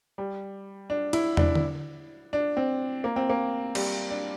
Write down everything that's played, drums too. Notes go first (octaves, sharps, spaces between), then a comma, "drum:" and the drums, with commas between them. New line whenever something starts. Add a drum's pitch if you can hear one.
G3
D4
E4, drum: cymbal
D4, drum: tom
drum: tom D3
D4
C4
A#3
C4
A#3
G3, drum: cymbal
D4